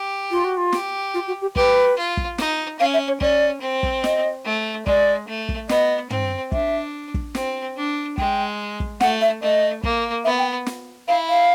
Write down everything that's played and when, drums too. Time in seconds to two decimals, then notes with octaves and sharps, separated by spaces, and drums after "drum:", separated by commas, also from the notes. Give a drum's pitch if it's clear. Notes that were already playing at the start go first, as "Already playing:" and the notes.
Already playing: G4
0.31 F4
0.44 F#4
0.57 F4
0.72 G4, drum: snare
1.14 F4
1.27 F#4
1.42 G4
1.56 G4 B4, drum: kick
1.97 F4
2.17 drum: kick
2.38 D#4, drum: snare
2.79 C#4 F5
2.93 E5
3.08 C#5
3.21 C#4 D5, drum: kick
3.62 C4
3.83 drum: kick
4.04 D#5, drum: snare
4.46 A3
4.87 G#3 D5, drum: kick
5.28 A3
5.49 drum: kick
5.69 B3 D#5, drum: snare
6.10 C4, drum: tom
6.52 D4 E5, drum: kick
7.14 drum: kick
7.35 C4, drum: snare
7.77 D4
8.18 G#3 G5, drum: kick
8.80 drum: kick
9.00 A3 F#5, drum: snare
9.21 E5
9.42 A3 D#5
9.83 A#3, drum: kick
10.24 B3 E5
10.38 G5
10.66 drum: snare
11.08 E4 F5
11.29 F5